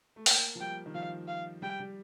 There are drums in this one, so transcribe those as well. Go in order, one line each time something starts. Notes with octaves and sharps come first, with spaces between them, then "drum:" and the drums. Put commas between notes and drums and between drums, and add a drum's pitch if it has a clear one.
A3
A#3 G5, drum: open hi-hat
F3
G3 G5
D#3
F3 F5
F5
G3 G5
G3